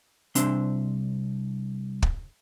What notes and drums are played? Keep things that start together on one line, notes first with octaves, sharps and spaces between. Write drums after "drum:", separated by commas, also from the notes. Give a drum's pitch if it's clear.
C2 C4 D4 E5 C6, drum: hi-hat
drum: kick